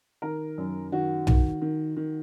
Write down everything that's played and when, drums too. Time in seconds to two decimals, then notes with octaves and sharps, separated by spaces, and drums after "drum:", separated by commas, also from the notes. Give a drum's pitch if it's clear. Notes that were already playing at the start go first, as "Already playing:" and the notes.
0.22 D#3 A#4
0.58 F#2
0.92 D#3 F#4
1.27 D#3, drum: tom B1
1.62 D#3
1.97 D#3